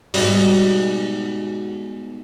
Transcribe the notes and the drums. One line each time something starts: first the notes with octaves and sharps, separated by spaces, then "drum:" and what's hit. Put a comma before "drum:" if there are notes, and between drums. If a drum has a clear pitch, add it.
G#2 B2 G3, drum: open hi-hat